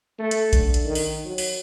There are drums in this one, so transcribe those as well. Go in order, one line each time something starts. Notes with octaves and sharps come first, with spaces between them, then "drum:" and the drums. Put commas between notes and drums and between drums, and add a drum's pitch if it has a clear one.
A3
drum: hi-hat
D3, drum: kick A#1, hi-hat
drum: hi-hat
D#3
drum: open hi-hat
F#3
drum: open hi-hat